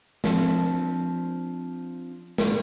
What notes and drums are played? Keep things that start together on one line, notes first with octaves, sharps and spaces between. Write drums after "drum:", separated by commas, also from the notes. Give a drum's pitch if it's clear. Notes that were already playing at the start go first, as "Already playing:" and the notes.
F3 C4 D4, drum: snare
drum: snare